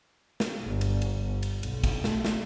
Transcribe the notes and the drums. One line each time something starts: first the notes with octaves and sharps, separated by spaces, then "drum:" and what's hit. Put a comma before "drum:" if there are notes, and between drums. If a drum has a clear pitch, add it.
drum: snare
G1
drum: cymbal
drum: cymbal
G1
drum: cymbal
B1, drum: cymbal
drum: kick, cymbal
A3, drum: snare
drum: snare